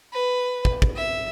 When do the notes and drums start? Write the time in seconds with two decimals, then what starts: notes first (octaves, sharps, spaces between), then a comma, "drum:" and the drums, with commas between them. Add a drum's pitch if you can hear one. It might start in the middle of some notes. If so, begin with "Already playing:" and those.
0.13 B4
0.65 drum: kick
0.82 drum: kick
0.96 E5